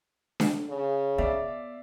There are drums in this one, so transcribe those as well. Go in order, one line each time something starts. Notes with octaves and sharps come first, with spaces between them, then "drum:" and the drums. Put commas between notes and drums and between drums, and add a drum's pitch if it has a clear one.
drum: snare D4
C#3
B3 D5 E5 F5